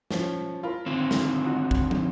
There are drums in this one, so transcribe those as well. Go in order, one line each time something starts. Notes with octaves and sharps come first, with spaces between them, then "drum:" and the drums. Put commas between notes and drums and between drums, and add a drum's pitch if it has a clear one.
F3 C#4, drum: snare
F4 A#4 B5
D3 D#3 C4
drum: snare
D#4 F4 F#4
drum: kick
drum: tom